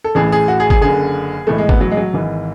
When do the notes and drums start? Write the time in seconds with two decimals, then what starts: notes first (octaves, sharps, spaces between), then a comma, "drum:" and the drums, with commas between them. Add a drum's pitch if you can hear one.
0.04 A4
0.15 A1 A2 E3 G#4
0.32 G#4
0.48 F#4
0.60 G#4
0.70 G#4, drum: kick
0.81 F#1 F#2 D3 G#4
1.47 B1 A2 E3 A3
1.58 G#3
1.69 B3, drum: kick
1.81 F#3
1.91 G#3
1.97 F#3
2.13 G#1 G#2 E3